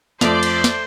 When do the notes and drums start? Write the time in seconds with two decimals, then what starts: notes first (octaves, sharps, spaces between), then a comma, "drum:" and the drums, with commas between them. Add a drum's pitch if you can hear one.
0.21 F2 A3 C5 D5 F7, drum: snare
0.43 drum: cymbal
0.64 drum: snare